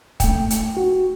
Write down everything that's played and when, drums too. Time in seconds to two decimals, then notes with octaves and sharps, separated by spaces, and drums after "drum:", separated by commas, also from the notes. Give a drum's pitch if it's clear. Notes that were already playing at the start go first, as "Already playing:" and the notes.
0.20 A3 G5, drum: kick, hi-hat
0.50 drum: hi-hat
0.77 F#4